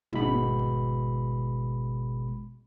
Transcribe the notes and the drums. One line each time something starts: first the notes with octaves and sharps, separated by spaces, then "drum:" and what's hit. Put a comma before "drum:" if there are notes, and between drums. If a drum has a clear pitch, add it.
G#1 B2 G#3 B5, drum: tom
drum: kick